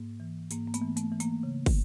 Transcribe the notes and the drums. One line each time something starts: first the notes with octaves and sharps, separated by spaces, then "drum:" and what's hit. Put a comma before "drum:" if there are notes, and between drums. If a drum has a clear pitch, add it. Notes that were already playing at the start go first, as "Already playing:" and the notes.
Already playing: G#2 A#3
E3
G#2 A#3, drum: hi-hat
A#3
A3 B3, drum: hi-hat
E3
A3, drum: hi-hat
E3
A#3, drum: hi-hat
C#3
drum: kick, open hi-hat